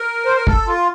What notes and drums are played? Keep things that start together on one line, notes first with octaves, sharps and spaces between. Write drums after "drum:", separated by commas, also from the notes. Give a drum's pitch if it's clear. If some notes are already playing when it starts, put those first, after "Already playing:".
Already playing: A#4
C5
A#4
A4, drum: kick
F4